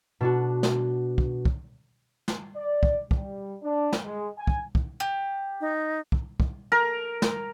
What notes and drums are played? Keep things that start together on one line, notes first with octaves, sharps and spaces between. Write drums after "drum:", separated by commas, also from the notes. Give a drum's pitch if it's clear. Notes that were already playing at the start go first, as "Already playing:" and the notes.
B2 D4 F#4
drum: snare
drum: kick
drum: kick
drum: snare
D5
drum: kick
G3, drum: kick
D4
drum: snare
G#3
G#5
drum: kick
drum: kick
G4
D#4
drum: kick
drum: kick
A#4
drum: snare